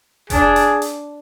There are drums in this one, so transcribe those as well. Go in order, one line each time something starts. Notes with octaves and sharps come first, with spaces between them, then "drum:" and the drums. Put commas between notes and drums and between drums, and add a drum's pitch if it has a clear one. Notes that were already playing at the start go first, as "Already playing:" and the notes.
D4 G#4, drum: kick F1, hi-hat
drum: hi-hat
drum: hi-hat